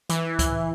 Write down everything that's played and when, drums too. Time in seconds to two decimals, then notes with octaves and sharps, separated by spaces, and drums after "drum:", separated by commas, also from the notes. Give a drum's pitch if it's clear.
0.09 E3, drum: hi-hat
0.39 drum: kick C#2, hi-hat